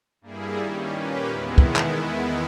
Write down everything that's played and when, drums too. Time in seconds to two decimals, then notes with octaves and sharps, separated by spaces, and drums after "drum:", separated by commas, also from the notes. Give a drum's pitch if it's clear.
0.21 G2 G3 A#3 E4 G#4
0.57 D#3 G3 C#4
0.91 A#2 A#3 C#4 G4 B4
1.27 E2 D#3 G#3 B3 E4
1.58 drum: kick
1.76 drum: clap